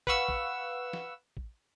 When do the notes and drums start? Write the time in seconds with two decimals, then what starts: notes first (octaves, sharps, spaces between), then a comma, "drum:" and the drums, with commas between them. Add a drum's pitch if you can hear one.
0.07 B4 F5 F#5 C#6 E6, drum: kick
0.29 drum: kick
0.93 drum: snare
1.37 drum: kick